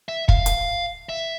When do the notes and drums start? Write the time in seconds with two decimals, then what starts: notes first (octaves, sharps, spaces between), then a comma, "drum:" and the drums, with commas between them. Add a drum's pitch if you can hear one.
0.09 E5
0.28 F5, drum: kick
0.46 drum: hi-hat
1.09 E5